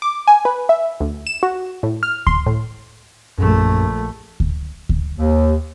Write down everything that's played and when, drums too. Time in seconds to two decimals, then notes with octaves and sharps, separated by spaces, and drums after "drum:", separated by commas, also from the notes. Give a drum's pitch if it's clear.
0.02 D6
0.27 G#5
0.45 B4
0.69 E5
1.01 D2
1.27 E7
1.43 F#4
1.83 A2
2.03 F6
2.27 C6, drum: kick D2
2.46 A2
3.38 A#1 F#2 A3
4.40 drum: kick D2
4.89 drum: kick D2
5.16 D#2